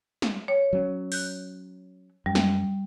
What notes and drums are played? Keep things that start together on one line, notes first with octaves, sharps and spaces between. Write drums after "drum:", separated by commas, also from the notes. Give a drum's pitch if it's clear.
drum: snare
C#5
F#3 C#4
F#6 G6, drum: open hi-hat
F#2 G3
drum: snare